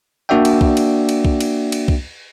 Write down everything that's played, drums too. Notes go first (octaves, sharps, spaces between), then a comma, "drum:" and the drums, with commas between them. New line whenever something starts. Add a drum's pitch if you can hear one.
A#3 D4 F#4 D5 E5 G5
drum: cymbal
drum: kick
drum: cymbal
drum: cymbal
drum: kick
drum: cymbal
drum: cymbal
drum: kick